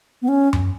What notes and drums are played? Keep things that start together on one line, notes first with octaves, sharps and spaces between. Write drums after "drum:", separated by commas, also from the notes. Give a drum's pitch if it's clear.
B3
C#4
drum: tom F#2